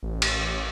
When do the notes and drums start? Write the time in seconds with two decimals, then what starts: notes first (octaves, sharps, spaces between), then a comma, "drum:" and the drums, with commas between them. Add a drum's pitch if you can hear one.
0.03 A1
0.22 drum: cymbal